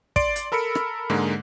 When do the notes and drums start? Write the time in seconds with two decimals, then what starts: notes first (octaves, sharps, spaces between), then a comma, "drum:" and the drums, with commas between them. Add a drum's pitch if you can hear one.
0.16 D5 C6 D7, drum: kick
0.36 drum: hi-hat
0.52 A4 A#4 B5 E6 C#7
0.75 drum: rim click
1.10 G#2 D3 G#3 A#3